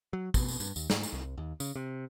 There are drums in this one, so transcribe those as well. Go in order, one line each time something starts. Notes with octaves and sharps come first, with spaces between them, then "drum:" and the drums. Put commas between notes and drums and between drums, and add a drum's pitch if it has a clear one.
F#3
B2, drum: kick, tambourine
drum: tambourine
G2, drum: tambourine
D#2, drum: tambourine
G#2, drum: snare
drum: tambourine
C2
D#2
C#3, drum: tambourine
C3